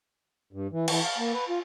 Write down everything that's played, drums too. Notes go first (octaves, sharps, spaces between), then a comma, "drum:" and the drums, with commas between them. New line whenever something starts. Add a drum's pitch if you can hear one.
G2
E3
E3, drum: cymbal
F5
A#3
B4
F4